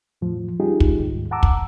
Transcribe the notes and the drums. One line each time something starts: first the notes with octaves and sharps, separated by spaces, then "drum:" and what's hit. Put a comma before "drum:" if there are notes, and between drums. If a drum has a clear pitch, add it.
E2 A2 F3
G3 C#4 D#4 F4 G4 G#4
drum: kick
D#2 G#2
F#5 A5 A#5 D6 E6
drum: kick